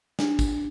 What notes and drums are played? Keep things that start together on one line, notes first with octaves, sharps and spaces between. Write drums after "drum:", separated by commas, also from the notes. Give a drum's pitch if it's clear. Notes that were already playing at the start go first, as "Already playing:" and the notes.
D4, drum: snare
drum: kick, tambourine